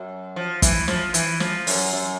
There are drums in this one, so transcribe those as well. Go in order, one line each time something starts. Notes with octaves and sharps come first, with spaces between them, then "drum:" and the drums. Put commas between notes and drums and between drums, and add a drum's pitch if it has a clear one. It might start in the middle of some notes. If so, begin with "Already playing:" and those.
Already playing: F#2
F3
E3, drum: kick, hi-hat
F3, drum: snare
E3, drum: hi-hat
F3, drum: snare
F#2, drum: open hi-hat
F#2